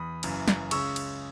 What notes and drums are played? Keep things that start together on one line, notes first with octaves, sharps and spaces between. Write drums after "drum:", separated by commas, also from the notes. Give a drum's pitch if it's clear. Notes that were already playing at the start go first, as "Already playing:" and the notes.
Already playing: E2 B5 D#6
F#1 F#2 E3, drum: cymbal
drum: snare
C#2 C#3 G#3 C#4 C#6 E6, drum: cymbal
drum: cymbal